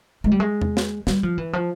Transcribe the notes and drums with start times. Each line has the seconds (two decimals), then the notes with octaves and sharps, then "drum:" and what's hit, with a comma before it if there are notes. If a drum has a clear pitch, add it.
0.24 G#3
0.32 G3
0.40 G#3
0.61 drum: tom E2
0.77 drum: snare
1.07 G3, drum: snare
1.23 F3
1.38 E3
1.53 F3